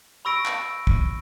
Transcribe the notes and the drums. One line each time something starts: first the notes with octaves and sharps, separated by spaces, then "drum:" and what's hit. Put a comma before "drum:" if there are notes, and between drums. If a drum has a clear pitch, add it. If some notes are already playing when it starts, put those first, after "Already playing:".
B5 C#6 E6 A#6 D7
drum: clap
drum: kick